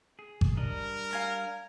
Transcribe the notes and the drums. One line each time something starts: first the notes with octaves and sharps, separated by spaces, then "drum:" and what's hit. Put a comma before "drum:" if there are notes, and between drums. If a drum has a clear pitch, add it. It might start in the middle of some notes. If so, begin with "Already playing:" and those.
G#4
drum: kick G#1
G3 D4 A#4 D#5
F5 G#5 A#5